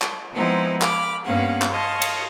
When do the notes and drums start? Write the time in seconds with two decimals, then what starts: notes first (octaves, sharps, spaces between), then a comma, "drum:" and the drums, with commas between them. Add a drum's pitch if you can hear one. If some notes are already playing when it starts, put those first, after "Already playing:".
0.02 drum: clap
0.34 F3 G#3 B3 C4 D#4 E4
0.82 B5 D6 F6, drum: clap
1.25 G2 A#3 B3 C#4 F5 F#5
1.62 drum: clap
1.71 C#5 D#5 F5 A5 C6
2.02 drum: cymbal